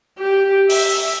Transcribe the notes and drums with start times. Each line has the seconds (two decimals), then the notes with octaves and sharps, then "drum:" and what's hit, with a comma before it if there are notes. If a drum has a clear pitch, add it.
0.19 G4
0.70 E5, drum: open hi-hat